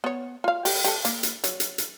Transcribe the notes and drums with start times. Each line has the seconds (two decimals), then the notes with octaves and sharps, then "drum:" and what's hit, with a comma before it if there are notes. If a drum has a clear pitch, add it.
0.04 B3 C#5
0.44 F4 F5
0.65 G4, drum: open hi-hat
0.84 G4 A4, drum: hi-hat
1.05 A#3, drum: hi-hat
1.23 drum: hi-hat
1.44 F#3, drum: hi-hat
1.60 drum: hi-hat
1.78 drum: hi-hat